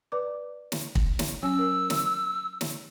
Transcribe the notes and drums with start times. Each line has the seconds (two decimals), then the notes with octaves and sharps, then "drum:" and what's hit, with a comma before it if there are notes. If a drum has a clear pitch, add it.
0.12 B4 D5 D6
0.72 drum: snare
0.95 drum: kick
1.19 drum: snare
1.43 F#3 C#4 G#5 E6
1.59 A#4
1.90 drum: snare
2.61 drum: snare